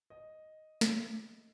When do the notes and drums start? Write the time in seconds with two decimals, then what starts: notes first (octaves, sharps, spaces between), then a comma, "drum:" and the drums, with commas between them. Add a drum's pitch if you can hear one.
0.10 D#5
0.81 drum: snare